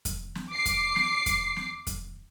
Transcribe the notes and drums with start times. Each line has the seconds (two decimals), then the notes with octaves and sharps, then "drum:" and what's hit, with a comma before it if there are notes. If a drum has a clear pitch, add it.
0.05 drum: kick F2, hi-hat
0.35 drum: snare
0.51 D6 C7
0.66 drum: kick F2, hi-hat
0.96 drum: snare
1.26 drum: kick F2, hi-hat
1.56 drum: snare
1.87 drum: kick F2, hi-hat